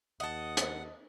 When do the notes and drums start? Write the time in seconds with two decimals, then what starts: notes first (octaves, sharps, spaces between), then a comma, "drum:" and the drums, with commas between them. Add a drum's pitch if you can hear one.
0.20 D#2 D#5 F#5 A5
0.57 drum: hi-hat